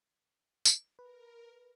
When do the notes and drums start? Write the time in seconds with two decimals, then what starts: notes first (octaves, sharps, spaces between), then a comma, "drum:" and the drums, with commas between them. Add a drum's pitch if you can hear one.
0.65 drum: tambourine
0.99 A#4 B4